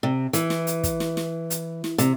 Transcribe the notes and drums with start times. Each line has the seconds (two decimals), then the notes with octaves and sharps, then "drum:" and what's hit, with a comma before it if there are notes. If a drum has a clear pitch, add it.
0.03 C3
0.33 E3, drum: hi-hat
0.50 drum: snare
0.67 drum: hi-hat
0.84 drum: kick, hi-hat
1.00 drum: snare
1.17 drum: snare
1.50 drum: hi-hat
1.84 drum: snare
1.98 C3, drum: hi-hat